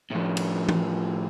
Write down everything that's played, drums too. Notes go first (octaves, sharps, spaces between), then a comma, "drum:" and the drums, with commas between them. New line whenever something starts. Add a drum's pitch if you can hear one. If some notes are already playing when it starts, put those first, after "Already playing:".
A2 F3
drum: cymbal
drum: tom E3